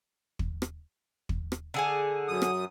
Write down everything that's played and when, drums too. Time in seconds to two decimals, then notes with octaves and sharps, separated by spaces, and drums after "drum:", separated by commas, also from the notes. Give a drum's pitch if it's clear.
0.39 drum: kick
0.62 drum: rim click
1.29 drum: kick
1.52 drum: rim click
1.74 D3 G#4 G#5
2.28 F#2 D#6
2.42 drum: rim click